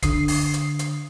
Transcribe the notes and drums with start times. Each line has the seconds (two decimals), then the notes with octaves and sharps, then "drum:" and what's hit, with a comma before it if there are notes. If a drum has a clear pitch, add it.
0.02 D3 D#6 C7, drum: kick D1, hi-hat
0.28 drum: open hi-hat
0.54 drum: hi-hat
0.79 drum: hi-hat